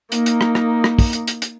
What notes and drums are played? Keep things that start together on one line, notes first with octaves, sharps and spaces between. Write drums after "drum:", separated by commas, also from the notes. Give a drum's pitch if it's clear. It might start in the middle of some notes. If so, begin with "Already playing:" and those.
A#3 D#4, drum: hi-hat
drum: hi-hat
drum: rim click
drum: rim click
drum: rim click
drum: kick, open hi-hat
drum: hi-hat
drum: hi-hat
drum: hi-hat